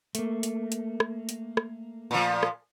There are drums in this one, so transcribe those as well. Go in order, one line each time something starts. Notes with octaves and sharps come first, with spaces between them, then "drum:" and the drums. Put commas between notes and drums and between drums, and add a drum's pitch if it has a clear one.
A3 A#3, drum: hi-hat
drum: hi-hat
drum: hi-hat
drum: rim click
drum: hi-hat
drum: rim click
A#2 F3
drum: rim click